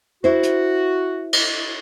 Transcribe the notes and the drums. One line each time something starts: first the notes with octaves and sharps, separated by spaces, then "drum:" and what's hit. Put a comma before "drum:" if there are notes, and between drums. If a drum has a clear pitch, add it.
E4 F#4 C5
drum: hi-hat
drum: cymbal